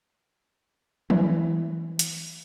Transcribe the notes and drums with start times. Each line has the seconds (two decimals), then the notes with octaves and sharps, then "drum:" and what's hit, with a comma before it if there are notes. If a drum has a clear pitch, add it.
1.10 E3, drum: tom
1.99 drum: hi-hat